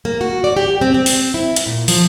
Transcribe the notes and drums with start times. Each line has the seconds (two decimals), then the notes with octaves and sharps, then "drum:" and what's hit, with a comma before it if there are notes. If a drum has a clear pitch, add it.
0.05 A#3
0.21 F#4
0.44 D5
0.57 G4
0.81 C4
0.94 C4
1.06 drum: open hi-hat
1.34 E4
1.56 drum: hi-hat
1.67 A#2
1.88 F3, drum: open hi-hat